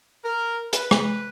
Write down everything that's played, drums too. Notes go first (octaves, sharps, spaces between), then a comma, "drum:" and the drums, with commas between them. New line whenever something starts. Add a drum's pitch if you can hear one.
A#4
B4, drum: hi-hat
drum: rim click